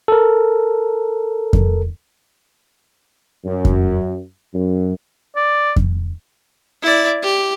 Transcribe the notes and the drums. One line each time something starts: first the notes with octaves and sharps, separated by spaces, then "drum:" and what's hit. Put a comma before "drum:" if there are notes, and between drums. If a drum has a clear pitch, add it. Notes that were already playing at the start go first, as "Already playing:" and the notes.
A4 A#4
drum: kick F2
F#2
drum: kick F2
F#2
D5
drum: kick F2
E4 D5
G4